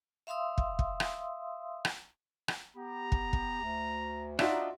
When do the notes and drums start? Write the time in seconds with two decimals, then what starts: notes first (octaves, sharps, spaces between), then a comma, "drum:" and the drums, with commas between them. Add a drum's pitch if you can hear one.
0.27 E5 F5 C6 D#6 E6
0.58 drum: kick
0.79 drum: kick
1.00 drum: rim click
1.85 drum: rim click
2.48 drum: rim click
2.76 B3 G4 A#5
3.12 drum: kick
3.33 drum: kick
3.62 D2
4.39 D4 D#4 F4 F#4 D5 E5, drum: rim click